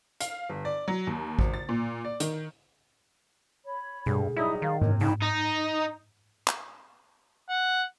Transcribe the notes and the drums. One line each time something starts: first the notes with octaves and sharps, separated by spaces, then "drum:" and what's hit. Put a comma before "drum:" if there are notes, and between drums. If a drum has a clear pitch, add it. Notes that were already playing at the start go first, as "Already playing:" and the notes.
F5, drum: hi-hat
G1
D5
F#3
D#2
G#1, drum: kick A1
A6
A#2
D5
D#3, drum: hi-hat
C#5 B5
D2 G2 G#4, drum: tom B2
F#3 G3 D#4 E4 E5 D#6
D#3 D5 F5
C3 A#4 C#5, drum: tom G#2
G1 C2 F2 C#3 D#4 B5
D#4
drum: clap
F#5